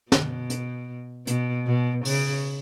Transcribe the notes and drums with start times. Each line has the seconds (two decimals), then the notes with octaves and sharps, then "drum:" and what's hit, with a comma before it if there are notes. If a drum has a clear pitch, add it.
0.12 B2, drum: snare
0.50 drum: hi-hat
1.27 B2, drum: hi-hat
1.66 B2
2.05 C#3, drum: open hi-hat